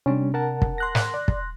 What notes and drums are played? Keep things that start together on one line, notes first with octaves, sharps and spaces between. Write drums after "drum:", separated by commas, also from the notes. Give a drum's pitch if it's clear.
C3 G3 C#4 D4
A#4 F#5 A5
drum: kick
C6 F#6 A#6
drum: snare
D5
drum: kick